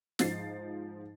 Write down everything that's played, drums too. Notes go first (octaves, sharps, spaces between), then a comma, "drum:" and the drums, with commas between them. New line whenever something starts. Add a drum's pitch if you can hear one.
G#2 F3 D#4 A6 C7, drum: snare